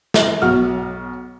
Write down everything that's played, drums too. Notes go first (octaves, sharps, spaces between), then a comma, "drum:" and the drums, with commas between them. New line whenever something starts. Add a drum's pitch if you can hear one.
drum: snare
B1 F#3 F#4 F6